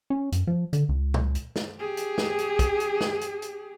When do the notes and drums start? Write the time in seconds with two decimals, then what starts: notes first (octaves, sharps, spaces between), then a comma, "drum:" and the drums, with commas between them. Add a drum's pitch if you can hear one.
0.10 C#4
0.32 F#2, drum: hi-hat
0.47 F3
0.73 D3, drum: hi-hat
0.89 C#2
1.14 drum: tom
1.35 drum: hi-hat
1.56 drum: snare
1.79 G4 G#4
1.97 drum: hi-hat
2.18 drum: snare
2.38 drum: hi-hat
2.59 drum: kick, hi-hat
2.80 drum: hi-hat
3.01 drum: snare
3.21 drum: hi-hat
3.42 drum: hi-hat